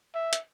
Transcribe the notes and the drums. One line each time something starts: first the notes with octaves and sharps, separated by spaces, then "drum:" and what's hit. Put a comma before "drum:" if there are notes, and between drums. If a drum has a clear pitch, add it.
E5
drum: hi-hat